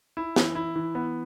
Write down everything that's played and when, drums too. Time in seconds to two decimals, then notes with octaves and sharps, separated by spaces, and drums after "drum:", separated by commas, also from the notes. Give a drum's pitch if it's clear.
0.17 E4
0.36 E3, drum: snare
0.55 E4
0.76 E3
0.95 B3